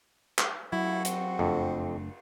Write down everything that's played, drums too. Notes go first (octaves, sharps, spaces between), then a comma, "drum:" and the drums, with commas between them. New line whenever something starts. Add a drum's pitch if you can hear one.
drum: clap
F#3 E4 F#4, drum: cymbal
C4, drum: hi-hat
F#1 F2 A3 D4